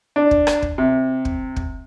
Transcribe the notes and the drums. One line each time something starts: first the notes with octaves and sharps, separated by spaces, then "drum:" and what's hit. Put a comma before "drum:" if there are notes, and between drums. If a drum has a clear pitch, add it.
D4
drum: kick
drum: rim click
drum: kick
C3
drum: kick
drum: kick